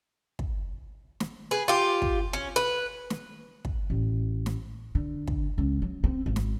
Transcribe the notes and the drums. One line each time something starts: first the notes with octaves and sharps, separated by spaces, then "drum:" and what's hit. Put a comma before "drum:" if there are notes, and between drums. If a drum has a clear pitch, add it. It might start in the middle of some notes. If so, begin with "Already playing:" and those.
drum: kick
drum: snare
G#4 B4
F4 G4
drum: kick
C#4
B4
drum: snare
drum: kick
A1
drum: snare
D3
drum: kick
C#2
F#3
C4
G#1
drum: snare